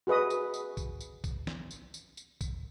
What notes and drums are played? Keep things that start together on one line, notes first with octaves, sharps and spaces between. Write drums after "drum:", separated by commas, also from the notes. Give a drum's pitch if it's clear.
F#4 G#4 B4 D#5 D#6
drum: tambourine
drum: tambourine
drum: kick B1, tambourine
drum: tambourine
drum: kick B1, tambourine
drum: snare
drum: tambourine
drum: tambourine
drum: tambourine
drum: kick B1, tambourine